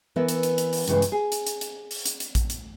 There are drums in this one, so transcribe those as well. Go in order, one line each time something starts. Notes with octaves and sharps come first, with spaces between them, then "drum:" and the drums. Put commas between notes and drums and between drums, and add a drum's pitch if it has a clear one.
E3 B3 A#4 E5
drum: hi-hat
drum: hi-hat
drum: hi-hat
drum: open hi-hat
G2 C#3 E3 G#3 E4, drum: hi-hat
drum: hi-hat
G#4
drum: hi-hat
drum: hi-hat
drum: hi-hat
drum: open hi-hat
drum: hi-hat
drum: hi-hat
drum: kick A#1, hi-hat
drum: hi-hat